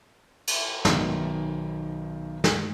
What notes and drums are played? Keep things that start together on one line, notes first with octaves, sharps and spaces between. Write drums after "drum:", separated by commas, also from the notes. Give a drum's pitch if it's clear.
drum: cymbal
B1 D#3, drum: snare
drum: snare